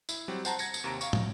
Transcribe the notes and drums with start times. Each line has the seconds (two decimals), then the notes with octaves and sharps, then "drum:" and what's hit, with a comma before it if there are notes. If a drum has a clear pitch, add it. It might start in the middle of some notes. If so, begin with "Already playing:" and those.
0.09 E4, drum: tambourine
0.28 F#3 G3 C4
0.45 C5 F#5 A5 A#5, drum: tambourine
0.59 G#6 A#6 C#7, drum: tambourine
0.74 drum: tambourine
0.84 D#2 C3 A#5 D7
1.01 F5 C#6, drum: tambourine
1.13 drum: tom